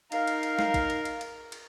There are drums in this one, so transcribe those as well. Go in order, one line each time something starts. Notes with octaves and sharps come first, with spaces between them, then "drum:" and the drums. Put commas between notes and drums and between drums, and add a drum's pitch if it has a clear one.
D#4 A#4 F5, drum: cymbal
drum: cymbal
drum: cymbal
drum: snare
drum: kick A1, cymbal
drum: cymbal
drum: cymbal
drum: cymbal
drum: cymbal